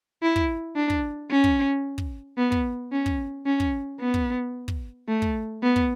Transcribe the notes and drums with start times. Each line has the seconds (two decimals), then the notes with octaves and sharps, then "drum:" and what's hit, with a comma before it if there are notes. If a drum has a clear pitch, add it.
0.23 E4
0.36 drum: kick
0.76 D4
0.90 drum: kick
1.31 C#4
1.44 drum: kick
1.98 drum: kick
2.38 B3
2.52 drum: kick
2.92 C#4
3.06 drum: kick
3.46 C#4
3.60 drum: kick
4.01 B3
4.14 drum: kick
4.68 drum: kick
5.08 A3
5.22 drum: kick
5.63 B3
5.76 drum: kick